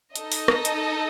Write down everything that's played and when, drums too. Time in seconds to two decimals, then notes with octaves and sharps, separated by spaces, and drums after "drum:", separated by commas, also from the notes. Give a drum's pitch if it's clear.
0.16 D#4 A4 D#5, drum: hi-hat
0.32 drum: open hi-hat
0.48 drum: rim click
0.65 drum: hi-hat